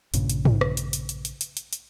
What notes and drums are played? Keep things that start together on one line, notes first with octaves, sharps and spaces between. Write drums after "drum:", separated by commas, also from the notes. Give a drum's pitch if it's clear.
A#1 G2 A#2 C#3, drum: hi-hat
drum: hi-hat
drum: tom
drum: rim click
drum: hi-hat
drum: hi-hat
drum: hi-hat
drum: hi-hat
drum: hi-hat
drum: hi-hat
drum: hi-hat